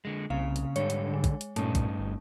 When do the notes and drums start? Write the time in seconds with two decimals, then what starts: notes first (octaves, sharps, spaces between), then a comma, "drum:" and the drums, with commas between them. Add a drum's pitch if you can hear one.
0.05 D3 G#3
0.30 C2 C#3 A#3 C4 F5
0.56 drum: hi-hat
0.76 G#2 D3 G3 C#5, drum: hi-hat
0.90 drum: hi-hat
1.14 G#3
1.24 drum: kick, hi-hat
1.41 drum: hi-hat
1.56 G2 A#2 A3 C#4 D#4, drum: hi-hat
1.75 drum: kick, hi-hat
1.99 G1